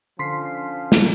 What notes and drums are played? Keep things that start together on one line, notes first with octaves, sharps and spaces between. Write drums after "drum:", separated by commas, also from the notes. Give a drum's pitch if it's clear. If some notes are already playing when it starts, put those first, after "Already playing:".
D3 F3 C#4 C6 B6 C7
drum: snare